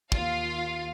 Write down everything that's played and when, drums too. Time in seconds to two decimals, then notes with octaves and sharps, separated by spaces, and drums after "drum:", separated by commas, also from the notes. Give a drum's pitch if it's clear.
0.12 D#2 F4 F5, drum: kick